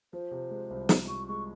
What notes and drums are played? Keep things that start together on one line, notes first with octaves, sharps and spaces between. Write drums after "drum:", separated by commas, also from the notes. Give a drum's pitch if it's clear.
F3 C5
C3
G#3
C2
F3, drum: snare
C3 C#6
G#3 C#6